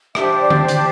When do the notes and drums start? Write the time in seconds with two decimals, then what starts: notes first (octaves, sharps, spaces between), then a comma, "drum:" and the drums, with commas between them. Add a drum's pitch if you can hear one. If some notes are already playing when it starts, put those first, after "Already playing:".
0.15 D4 G4 C5 E5, drum: rim click
0.41 D5
0.50 drum: tom D3
0.68 D5, drum: hi-hat